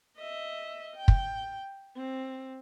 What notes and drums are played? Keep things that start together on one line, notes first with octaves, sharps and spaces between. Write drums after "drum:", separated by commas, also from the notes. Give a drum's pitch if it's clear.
D#5 E5
G5
drum: kick
C4